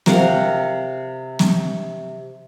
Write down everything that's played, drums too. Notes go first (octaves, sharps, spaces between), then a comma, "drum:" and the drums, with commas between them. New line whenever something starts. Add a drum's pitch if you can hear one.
C3 A#4 F5 F#5, drum: snare
drum: snare